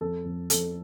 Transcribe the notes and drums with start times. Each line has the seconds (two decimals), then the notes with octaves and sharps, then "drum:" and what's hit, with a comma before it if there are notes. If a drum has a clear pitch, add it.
0.01 F2 A4
0.25 F2
0.50 F2 A4, drum: hi-hat